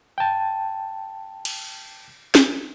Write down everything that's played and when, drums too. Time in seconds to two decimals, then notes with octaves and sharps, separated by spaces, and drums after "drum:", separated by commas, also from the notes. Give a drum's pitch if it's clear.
0.18 G5 A5
1.45 drum: cymbal
2.35 drum: snare